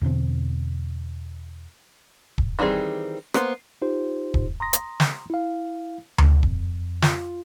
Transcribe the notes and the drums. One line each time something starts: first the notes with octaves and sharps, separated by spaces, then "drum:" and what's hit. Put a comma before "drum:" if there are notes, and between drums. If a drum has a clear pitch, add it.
E2 B2 D3 C4
drum: kick
D#3 E3 G3 C4 G#4
A#3 B3 C5, drum: rim click
D#4 F4 G4 C5
drum: kick
A#5 C6 D#6 A#6
drum: hi-hat
drum: snare
E4 F5
drum: tom D2
F2, drum: kick
F4, drum: snare